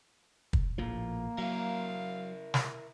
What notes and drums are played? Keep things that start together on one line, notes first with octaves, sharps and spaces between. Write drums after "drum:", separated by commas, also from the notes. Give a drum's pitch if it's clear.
drum: kick
A#1 A2 F3 A#3
F#3 E4 A#4 F5
drum: snare